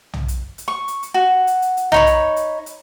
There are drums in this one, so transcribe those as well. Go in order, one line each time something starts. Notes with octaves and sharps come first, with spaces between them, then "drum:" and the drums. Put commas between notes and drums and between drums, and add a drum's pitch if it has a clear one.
drum: tom
drum: hi-hat
drum: hi-hat
C#6
drum: hi-hat
drum: hi-hat
F#4
drum: hi-hat
drum: hi-hat
drum: hi-hat
D#4 C#5 B5, drum: tom
drum: hi-hat
drum: hi-hat
drum: hi-hat